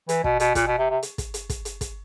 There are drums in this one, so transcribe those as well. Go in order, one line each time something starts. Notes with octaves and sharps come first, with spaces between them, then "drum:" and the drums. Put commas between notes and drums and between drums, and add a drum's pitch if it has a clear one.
E3, drum: hi-hat
B2, drum: kick
B2, drum: hi-hat
A#2, drum: kick, hi-hat
B2
C3
C3
drum: hi-hat
drum: kick, hi-hat
drum: hi-hat
drum: kick, hi-hat
drum: hi-hat
drum: kick, hi-hat